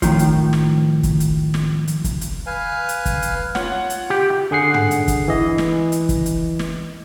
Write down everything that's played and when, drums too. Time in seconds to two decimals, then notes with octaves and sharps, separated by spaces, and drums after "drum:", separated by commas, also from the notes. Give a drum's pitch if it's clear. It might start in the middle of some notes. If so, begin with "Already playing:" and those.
0.02 A2 D#3 F3, drum: kick, hi-hat
0.19 drum: hi-hat
0.53 drum: snare
1.03 drum: kick, hi-hat
1.20 drum: hi-hat
1.54 drum: snare
1.88 drum: hi-hat
2.04 drum: kick, hi-hat
2.21 drum: hi-hat
2.46 B4 F5 G#5
2.89 drum: hi-hat
3.06 drum: kick, hi-hat
3.22 drum: hi-hat
3.55 F4 C#5 F#5, drum: snare
3.90 drum: hi-hat
4.10 G4
4.51 D3 G#4 F#5 C7
4.74 drum: tom
4.91 drum: hi-hat
5.08 drum: kick, hi-hat
5.28 E3 D#5
5.58 drum: snare
5.92 drum: hi-hat
6.09 drum: kick, hi-hat
6.26 drum: hi-hat
6.59 drum: snare